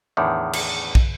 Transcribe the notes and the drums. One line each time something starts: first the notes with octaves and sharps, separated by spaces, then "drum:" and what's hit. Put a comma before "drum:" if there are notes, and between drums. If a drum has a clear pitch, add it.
E2 A2 D3 D#3
drum: cymbal
drum: kick